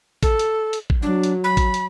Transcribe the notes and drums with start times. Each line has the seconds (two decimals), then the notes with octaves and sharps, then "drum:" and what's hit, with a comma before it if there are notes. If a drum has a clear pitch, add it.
0.23 A4, drum: kick, hi-hat
0.39 drum: hi-hat
0.73 drum: hi-hat
0.90 drum: kick
1.02 F#3 D4
1.23 drum: hi-hat
1.44 B5
1.57 drum: kick, hi-hat
1.74 drum: hi-hat